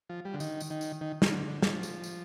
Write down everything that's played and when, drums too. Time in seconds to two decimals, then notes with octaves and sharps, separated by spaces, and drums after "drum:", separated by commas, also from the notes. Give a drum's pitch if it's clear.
0.09 F3
0.25 G3
0.34 D3
0.40 D#3, drum: tambourine
0.60 drum: tambourine
0.71 D#3
0.81 drum: tambourine
1.01 D#3
1.22 drum: snare
1.32 D3
1.48 D3
1.62 F3, drum: snare
1.83 drum: tambourine
2.04 drum: tambourine